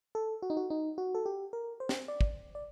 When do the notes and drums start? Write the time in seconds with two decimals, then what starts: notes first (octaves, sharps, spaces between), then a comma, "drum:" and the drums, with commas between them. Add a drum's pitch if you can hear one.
0.15 A4
0.42 F#4
0.50 D#4
0.57 F#4
0.70 D#4
0.98 F#4
1.15 A4
1.26 G4
1.53 A#4
1.80 C5
1.89 drum: snare
2.08 D5
2.21 drum: kick
2.55 D5